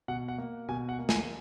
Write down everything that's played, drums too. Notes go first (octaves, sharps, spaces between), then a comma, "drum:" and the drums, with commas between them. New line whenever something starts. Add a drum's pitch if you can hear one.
B2 F#5
F#5
A#3
B2 G#5
F#5
A#3
G#5, drum: snare